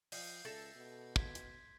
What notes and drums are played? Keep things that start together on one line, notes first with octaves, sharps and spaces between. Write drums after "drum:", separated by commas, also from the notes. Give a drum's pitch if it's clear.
F3 D#5 F5 G6 C7 C#7, drum: open hi-hat
C#2 A4 E5 A#6 F#7
B2
C6 G#6 B6, drum: kick
drum: hi-hat